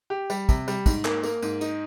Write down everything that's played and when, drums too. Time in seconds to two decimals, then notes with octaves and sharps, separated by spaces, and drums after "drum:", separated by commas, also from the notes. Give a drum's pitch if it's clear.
0.10 G4
0.30 G3, drum: tambourine
0.49 C3, drum: kick, tambourine
0.68 G3, drum: tambourine
0.86 G#2, drum: kick, tambourine
1.05 A#3, drum: clap
1.23 A#3, drum: tambourine
1.42 G#2, drum: tambourine
1.61 D#4, drum: tambourine